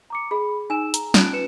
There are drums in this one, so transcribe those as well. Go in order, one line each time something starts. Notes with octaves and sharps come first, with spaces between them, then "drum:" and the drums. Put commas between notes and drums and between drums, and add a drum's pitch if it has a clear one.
A#5 D6 C#7
G#4 B5
D#4 G#5 E6 E7
A#5, drum: hi-hat
C#4 D#4 F4 F#6 D7, drum: snare
B4 C#7 E7